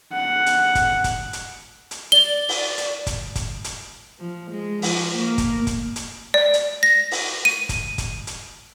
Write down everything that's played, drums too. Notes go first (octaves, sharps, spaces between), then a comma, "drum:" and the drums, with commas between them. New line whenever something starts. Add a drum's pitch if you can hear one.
F#5
drum: hi-hat
drum: kick, hi-hat
drum: kick, hi-hat
drum: hi-hat
drum: hi-hat
D5 G7
drum: open hi-hat
drum: hi-hat
drum: kick, hi-hat
drum: kick, hi-hat
drum: hi-hat
F3
G#3
F3, drum: open hi-hat
A#3
drum: kick, hi-hat
drum: kick, hi-hat
drum: hi-hat
D5
drum: hi-hat
A#6
drum: open hi-hat
D#7
drum: kick, hi-hat
drum: kick, hi-hat
drum: hi-hat